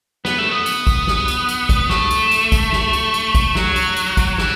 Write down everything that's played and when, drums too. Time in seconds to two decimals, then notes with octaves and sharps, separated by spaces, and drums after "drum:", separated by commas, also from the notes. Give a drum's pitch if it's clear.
0.25 B3, drum: snare
0.38 A3
0.51 B3
0.66 drum: tambourine
0.87 drum: kick, tambourine
1.07 drum: snare
1.28 drum: tambourine
1.49 drum: tambourine
1.69 drum: kick, tambourine
1.89 A3, drum: snare
2.11 drum: tambourine
2.31 drum: tambourine
2.52 drum: kick, tambourine
2.73 drum: snare
2.93 drum: tambourine
3.14 drum: tambourine
3.35 drum: kick, tambourine
3.55 F#3, drum: snare
3.76 drum: tambourine
3.97 drum: tambourine
4.17 drum: kick, tambourine
4.38 E3, drum: snare